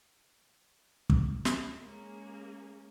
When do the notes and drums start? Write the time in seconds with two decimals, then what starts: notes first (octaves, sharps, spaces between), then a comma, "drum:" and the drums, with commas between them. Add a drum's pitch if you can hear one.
1.10 drum: kick
1.45 drum: snare
1.81 G#3 A#3 C#4 G#4